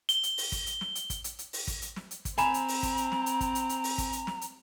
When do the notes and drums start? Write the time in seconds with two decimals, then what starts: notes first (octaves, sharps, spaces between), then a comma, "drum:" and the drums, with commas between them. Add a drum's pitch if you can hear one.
0.09 G7, drum: hi-hat
0.23 drum: hi-hat
0.38 drum: open hi-hat
0.52 drum: kick, hi-hat
0.67 drum: hi-hat
0.81 drum: snare
0.95 drum: hi-hat
1.10 drum: kick, hi-hat
1.24 drum: hi-hat
1.39 drum: hi-hat
1.53 drum: open hi-hat
1.67 drum: kick, hi-hat
1.82 drum: hi-hat
1.96 drum: snare
2.11 drum: hi-hat
2.25 drum: kick, hi-hat
2.38 C4 G#5 A#5 B5 E7, drum: hi-hat
2.54 drum: hi-hat
2.68 drum: open hi-hat
2.83 drum: kick, hi-hat
2.97 drum: hi-hat
3.12 drum: snare
3.26 drum: hi-hat
3.41 drum: kick, hi-hat
3.55 drum: hi-hat
3.69 drum: hi-hat
3.84 drum: open hi-hat
3.98 drum: kick, hi-hat
4.13 drum: hi-hat
4.27 drum: snare
4.41 drum: hi-hat